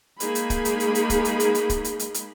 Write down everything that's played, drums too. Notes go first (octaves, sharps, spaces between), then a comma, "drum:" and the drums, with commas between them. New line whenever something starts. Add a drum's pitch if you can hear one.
G#3 A#3 D#4 G#4 B5, drum: hi-hat
drum: hi-hat
drum: kick, hi-hat
drum: hi-hat
drum: hi-hat
drum: hi-hat
drum: kick, hi-hat
drum: hi-hat
drum: hi-hat
drum: hi-hat
drum: kick, hi-hat
drum: hi-hat
drum: hi-hat
drum: hi-hat